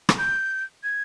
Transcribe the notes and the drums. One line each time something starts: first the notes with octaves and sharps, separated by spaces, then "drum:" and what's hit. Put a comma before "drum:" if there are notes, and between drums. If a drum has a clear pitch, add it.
drum: rim click
G6
G#6